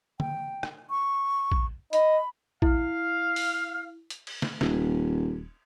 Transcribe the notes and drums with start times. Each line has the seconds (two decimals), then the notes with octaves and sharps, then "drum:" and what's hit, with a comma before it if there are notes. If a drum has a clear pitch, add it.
0.20 G5, drum: tom
0.63 drum: rim click
0.90 C#6
1.52 drum: kick
1.93 D#5 B5, drum: hi-hat
2.62 E4 F5, drum: kick
3.36 drum: open hi-hat
4.10 drum: hi-hat
4.27 drum: cymbal
4.42 drum: snare
4.61 D#1, drum: snare